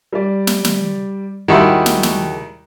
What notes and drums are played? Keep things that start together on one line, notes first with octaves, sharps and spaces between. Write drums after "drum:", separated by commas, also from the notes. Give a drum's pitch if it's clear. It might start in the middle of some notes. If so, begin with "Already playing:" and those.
G3 D5
drum: snare
drum: snare
D#2 D#3 G3 G#3 E4 F#4 G4 C#6
drum: snare
drum: snare